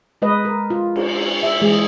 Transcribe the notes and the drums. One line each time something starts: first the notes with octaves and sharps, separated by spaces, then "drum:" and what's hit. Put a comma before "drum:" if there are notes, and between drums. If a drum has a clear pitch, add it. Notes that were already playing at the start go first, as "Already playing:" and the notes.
G#3 B4 D#5
A#4
F4
drum: cymbal
E5
E3 G#3 G#4